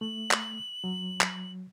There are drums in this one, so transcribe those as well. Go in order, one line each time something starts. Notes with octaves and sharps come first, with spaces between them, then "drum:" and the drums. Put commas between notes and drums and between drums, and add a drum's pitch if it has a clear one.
A3 F#7
drum: clap
F#3
drum: clap